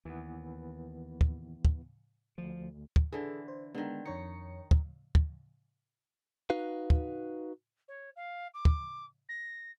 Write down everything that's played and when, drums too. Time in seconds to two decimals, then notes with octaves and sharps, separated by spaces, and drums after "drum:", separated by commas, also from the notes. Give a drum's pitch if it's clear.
0.05 D#2 E3 B3
1.21 drum: kick
1.65 drum: kick
2.38 D2 F3
2.96 drum: kick
3.12 D3 E3 G#4 A4
3.48 C5
3.75 D3 D#3 G#3 B3
4.05 F2 D#4 C#5 C#7
4.71 drum: kick
5.15 drum: kick
6.50 D#4 F#4 B4 F5
6.90 drum: kick
7.88 C#5
8.16 F5
8.54 D6
8.65 drum: kick
9.29 A#6